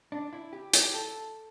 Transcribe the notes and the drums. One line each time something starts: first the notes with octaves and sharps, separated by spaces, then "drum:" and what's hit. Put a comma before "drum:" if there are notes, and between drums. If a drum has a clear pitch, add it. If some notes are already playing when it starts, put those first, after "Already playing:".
D4
E4
G4
G4, drum: hi-hat
A4